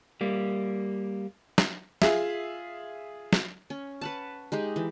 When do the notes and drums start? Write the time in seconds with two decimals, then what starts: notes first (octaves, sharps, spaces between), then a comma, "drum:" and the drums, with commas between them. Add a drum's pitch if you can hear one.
0.21 G3 A#3
1.58 drum: snare
2.02 F4 G#4 E5, drum: snare
3.33 drum: snare
3.70 C#4
4.01 B4 F#5 A5
4.52 G#3 D#4 G4
4.76 E3